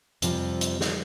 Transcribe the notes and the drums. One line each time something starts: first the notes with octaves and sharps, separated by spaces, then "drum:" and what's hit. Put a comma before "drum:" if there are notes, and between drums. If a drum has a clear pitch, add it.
F2 C3 F3 G3, drum: hi-hat
drum: hi-hat
drum: snare